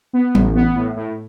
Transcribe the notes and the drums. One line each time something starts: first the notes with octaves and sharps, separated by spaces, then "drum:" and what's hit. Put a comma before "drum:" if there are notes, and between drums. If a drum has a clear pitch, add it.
B3
A1, drum: tom F#3
B3
A2
A2